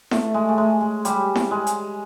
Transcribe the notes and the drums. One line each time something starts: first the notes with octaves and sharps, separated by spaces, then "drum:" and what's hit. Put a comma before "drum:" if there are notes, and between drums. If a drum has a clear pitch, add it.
A3, drum: snare E4
G#3
A3
G#3
G#3
G3, drum: hi-hat
drum: snare E4
G#3
drum: hi-hat